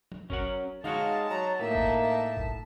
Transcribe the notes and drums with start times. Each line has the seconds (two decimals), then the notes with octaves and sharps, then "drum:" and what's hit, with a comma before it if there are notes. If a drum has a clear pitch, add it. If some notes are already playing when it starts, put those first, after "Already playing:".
0.12 drum: tom
0.30 F#3 C#4 A#4 F#5, drum: kick
0.84 G#3 D#4 F#4 C#5 F5 A5, drum: tom D3
1.30 F#3 A#5
1.60 A2 A#3 D#4 E5 A5
1.75 drum: kick
2.01 A5
2.37 drum: kick